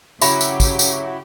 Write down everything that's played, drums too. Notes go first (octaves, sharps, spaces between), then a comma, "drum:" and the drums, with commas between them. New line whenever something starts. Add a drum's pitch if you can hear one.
C#3 F#3 E4 F#4 G4 E5 B5, drum: tambourine
drum: tambourine
drum: kick, tambourine
drum: tambourine